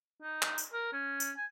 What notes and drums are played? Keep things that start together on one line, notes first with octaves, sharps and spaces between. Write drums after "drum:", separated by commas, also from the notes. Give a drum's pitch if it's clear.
D#4
drum: clap
drum: tambourine
A#4
C#4
drum: tambourine
G#5